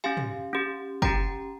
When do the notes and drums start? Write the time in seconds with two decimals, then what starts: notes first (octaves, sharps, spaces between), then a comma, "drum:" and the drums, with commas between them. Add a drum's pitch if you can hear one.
0.04 C#4 G4 F5 G#5
0.17 drum: tom
0.53 C#4 G4
1.02 C#4 G4 G5 A#5, drum: kick